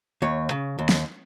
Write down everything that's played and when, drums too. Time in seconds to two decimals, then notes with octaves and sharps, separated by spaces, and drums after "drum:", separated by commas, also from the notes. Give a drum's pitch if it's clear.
0.22 D#2 C#5
0.51 C#3
0.79 D#2
0.89 drum: snare